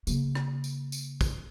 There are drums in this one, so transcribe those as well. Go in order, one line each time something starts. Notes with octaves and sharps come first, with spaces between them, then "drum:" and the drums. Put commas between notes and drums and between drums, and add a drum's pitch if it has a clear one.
C#3 A#3, drum: tambourine
drum: rim click
drum: tambourine
drum: tambourine
drum: kick, tambourine